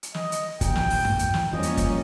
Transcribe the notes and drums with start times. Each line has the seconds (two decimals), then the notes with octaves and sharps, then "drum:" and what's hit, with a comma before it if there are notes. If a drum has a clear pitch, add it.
0.03 drum: hi-hat
0.14 D#5, drum: snare
0.32 drum: hi-hat
0.61 A#1 D#2 A#2 G5, drum: kick, hi-hat
0.76 drum: snare
0.90 drum: open hi-hat
1.05 drum: tom F#2
1.19 drum: hi-hat
1.34 drum: snare
1.53 E2 F3 G3 A#3 C#4 D#5
1.63 drum: hi-hat
1.77 drum: kick, hi-hat